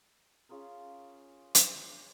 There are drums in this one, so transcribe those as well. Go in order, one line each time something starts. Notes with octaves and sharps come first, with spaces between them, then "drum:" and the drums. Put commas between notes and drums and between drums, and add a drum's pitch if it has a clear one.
C#4 F4 G#4 A#4
drum: hi-hat